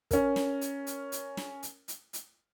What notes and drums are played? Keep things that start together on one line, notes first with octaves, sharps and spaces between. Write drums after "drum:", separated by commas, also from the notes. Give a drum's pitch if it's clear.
C#4 A#4, drum: kick, hi-hat
drum: snare
drum: hi-hat
drum: hi-hat
drum: hi-hat
drum: snare
drum: hi-hat
drum: hi-hat
drum: hi-hat